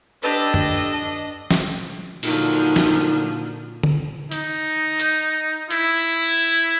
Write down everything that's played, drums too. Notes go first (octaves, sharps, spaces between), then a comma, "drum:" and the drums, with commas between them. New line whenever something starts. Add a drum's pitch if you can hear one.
D4 G4 A4 B4 D#5
drum: tom F#2
drum: snare
A#2 D3 F3 F#3 D#4, drum: open hi-hat
drum: snare
drum: tom D3
D#4, drum: hi-hat
drum: hi-hat
E4, drum: hi-hat